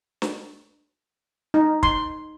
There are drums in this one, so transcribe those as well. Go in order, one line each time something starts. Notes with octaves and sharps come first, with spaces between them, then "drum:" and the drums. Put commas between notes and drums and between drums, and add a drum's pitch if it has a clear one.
drum: snare
D#4
C6, drum: kick